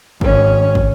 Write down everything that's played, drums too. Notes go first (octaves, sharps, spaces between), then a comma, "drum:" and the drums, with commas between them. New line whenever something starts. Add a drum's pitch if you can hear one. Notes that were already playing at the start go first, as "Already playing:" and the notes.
G#1 C#4, drum: kick
drum: kick